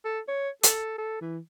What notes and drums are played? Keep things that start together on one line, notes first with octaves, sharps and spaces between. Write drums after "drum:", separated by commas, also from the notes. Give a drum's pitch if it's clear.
A4
C#5
A4, drum: hi-hat
A4
E3